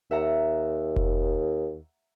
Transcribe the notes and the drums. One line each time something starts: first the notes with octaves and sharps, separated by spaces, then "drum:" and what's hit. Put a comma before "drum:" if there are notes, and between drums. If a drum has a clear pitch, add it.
D#2 E5 F#5 A#5
drum: kick F1